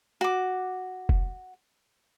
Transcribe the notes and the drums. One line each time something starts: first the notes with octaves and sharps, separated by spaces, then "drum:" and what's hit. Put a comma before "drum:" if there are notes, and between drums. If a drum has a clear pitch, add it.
F#4 D6
drum: kick F1